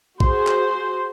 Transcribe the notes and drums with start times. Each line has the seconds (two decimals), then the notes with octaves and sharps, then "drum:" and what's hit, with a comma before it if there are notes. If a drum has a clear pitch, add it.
0.20 F#4 G#4 C5 C6, drum: kick
0.47 drum: clap